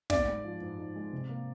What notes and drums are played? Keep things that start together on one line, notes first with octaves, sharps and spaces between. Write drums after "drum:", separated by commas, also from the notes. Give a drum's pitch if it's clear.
G#2 D5, drum: snare
G#3
F3
G#2
G#2
G#3
C3
A#3